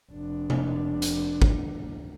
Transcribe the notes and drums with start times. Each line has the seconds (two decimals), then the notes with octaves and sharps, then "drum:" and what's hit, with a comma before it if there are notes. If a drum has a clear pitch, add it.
0.12 F1 D4
0.50 drum: tom
1.02 drum: hi-hat
1.42 drum: kick